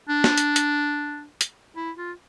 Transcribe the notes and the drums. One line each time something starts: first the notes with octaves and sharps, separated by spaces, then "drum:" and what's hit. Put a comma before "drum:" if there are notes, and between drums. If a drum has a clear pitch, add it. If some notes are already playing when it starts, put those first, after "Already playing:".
D4
drum: snare
drum: hi-hat
drum: hi-hat
drum: hi-hat
E4
F4